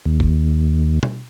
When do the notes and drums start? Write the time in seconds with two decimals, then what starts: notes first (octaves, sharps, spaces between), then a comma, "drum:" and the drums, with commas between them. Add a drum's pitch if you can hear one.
0.05 D#2
0.20 drum: kick
1.03 drum: tom